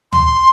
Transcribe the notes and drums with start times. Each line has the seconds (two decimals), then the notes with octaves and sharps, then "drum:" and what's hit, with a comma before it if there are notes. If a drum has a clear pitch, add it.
0.13 C6, drum: tom